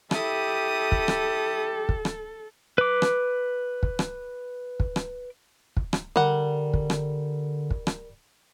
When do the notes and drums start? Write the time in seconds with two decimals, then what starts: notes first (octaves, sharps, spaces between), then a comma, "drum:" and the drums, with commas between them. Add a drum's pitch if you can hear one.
0.11 E4 G4 A4 D#6, drum: rim click
0.92 drum: kick
1.08 drum: rim click
1.89 drum: kick
2.05 drum: rim click
2.78 B4 D6
3.02 drum: rim click
3.83 drum: kick
3.99 drum: rim click
4.80 drum: kick
4.96 drum: rim click
5.77 drum: kick
5.93 drum: rim click
6.16 D3 G3 A#4 F#5
6.74 drum: kick
6.90 drum: rim click
7.71 drum: kick
7.87 drum: rim click